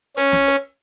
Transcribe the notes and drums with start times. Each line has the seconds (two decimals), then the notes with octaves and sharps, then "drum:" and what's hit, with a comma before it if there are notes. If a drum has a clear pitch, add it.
0.17 C#4, drum: hi-hat
0.32 drum: snare
0.48 drum: hi-hat